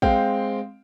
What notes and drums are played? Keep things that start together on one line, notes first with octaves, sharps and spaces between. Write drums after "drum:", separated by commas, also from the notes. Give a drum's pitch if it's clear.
G#3 C4 F5 G5, drum: kick